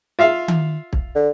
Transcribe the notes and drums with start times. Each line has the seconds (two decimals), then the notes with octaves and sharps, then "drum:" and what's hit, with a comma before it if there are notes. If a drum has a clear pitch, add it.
0.19 F4 E5 F5
0.48 drum: tom D#3
0.93 drum: kick
1.15 D3